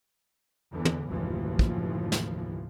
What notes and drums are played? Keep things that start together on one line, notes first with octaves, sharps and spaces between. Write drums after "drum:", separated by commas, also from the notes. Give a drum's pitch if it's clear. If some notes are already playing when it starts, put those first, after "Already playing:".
E2 D3 E3
drum: tom
F#1 D#2 A2 E3 F3
drum: kick
drum: snare